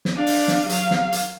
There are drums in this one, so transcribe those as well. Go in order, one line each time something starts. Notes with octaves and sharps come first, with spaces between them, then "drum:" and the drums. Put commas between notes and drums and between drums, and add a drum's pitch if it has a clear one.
drum: snare
D4 F5
drum: open hi-hat
drum: snare
F#3 F5, drum: hi-hat
drum: snare
drum: hi-hat